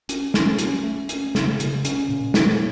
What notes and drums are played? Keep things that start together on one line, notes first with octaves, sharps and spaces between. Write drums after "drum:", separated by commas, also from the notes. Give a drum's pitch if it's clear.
C#4, drum: hi-hat
C#4, drum: snare
C#4, drum: hi-hat
A3
C#4, drum: hi-hat
C#3, drum: snare
C#3, drum: hi-hat
C#4, drum: hi-hat
A#2
A#2, drum: snare